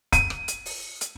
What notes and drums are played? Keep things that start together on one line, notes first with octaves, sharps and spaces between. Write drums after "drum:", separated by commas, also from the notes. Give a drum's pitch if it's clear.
D#7, drum: kick, hi-hat
drum: rim click
drum: hi-hat
drum: open hi-hat
drum: hi-hat